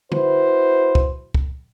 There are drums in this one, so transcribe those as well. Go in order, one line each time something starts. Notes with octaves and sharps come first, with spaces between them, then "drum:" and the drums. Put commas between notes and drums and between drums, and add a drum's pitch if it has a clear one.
E4 F#4 B4 C5, drum: tom
drum: kick
drum: kick